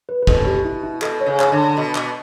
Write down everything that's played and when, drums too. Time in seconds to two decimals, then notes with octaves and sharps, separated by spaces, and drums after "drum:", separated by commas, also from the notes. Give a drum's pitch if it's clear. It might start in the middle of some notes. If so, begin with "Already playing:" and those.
0.09 B4
0.22 B4
0.27 B2 A4, drum: kick
0.46 G4
0.65 E4
0.83 E4
1.02 B2 A4, drum: clap
1.21 C#5
1.26 C#3
1.40 C#5, drum: clap
1.50 D3 B5
1.58 A5
1.69 A5
1.76 B2 B5
1.95 B2 D6, drum: clap